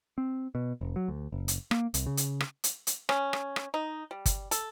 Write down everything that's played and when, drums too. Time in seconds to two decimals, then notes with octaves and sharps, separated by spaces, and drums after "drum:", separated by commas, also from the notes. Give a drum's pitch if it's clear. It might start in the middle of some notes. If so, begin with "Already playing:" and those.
0.18 C4
0.55 B2
0.81 F1
0.96 F#3
1.08 D2
1.32 F#1
1.48 drum: hi-hat
1.71 A#3, drum: rim click
1.94 C2, drum: hi-hat
2.06 C#3
2.17 drum: hi-hat
2.40 drum: rim click
2.64 drum: hi-hat
2.87 drum: hi-hat
3.09 C#4, drum: rim click
3.33 drum: rim click
3.56 drum: rim click
3.74 D#4
4.11 G3
4.26 drum: kick G1, hi-hat
4.51 A4, drum: hi-hat